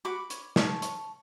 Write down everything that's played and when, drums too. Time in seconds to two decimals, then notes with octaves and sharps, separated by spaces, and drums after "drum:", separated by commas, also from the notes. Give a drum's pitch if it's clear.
0.05 F#4 B5 D6
0.30 C#5, drum: hi-hat
0.56 G#4 A5 C#6, drum: snare
0.82 C#5, drum: hi-hat